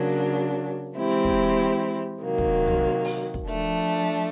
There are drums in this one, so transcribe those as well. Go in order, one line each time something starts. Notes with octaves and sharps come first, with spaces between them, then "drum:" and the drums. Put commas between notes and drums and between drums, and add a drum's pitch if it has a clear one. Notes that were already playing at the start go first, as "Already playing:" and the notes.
Already playing: C#3 F#3 A#3 D4
E3 G#3 C4 E4 G4
drum: hi-hat
drum: kick
C3 D#3 F#3 A#3
drum: kick
drum: tom
drum: open hi-hat
drum: kick
F3 A3 D4, drum: hi-hat